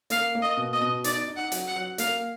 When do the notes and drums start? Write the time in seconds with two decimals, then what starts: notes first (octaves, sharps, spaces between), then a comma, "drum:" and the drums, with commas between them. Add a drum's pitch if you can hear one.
0.10 A#3 F5, drum: hi-hat
0.35 A#3
0.42 D#5
0.57 B2
0.73 D#5
0.81 B2
1.04 D#4 D5, drum: hi-hat
1.28 D#4
1.36 F#5
1.52 F#3, drum: hi-hat
1.68 F#5
1.76 F#3
1.98 A#3 F5, drum: hi-hat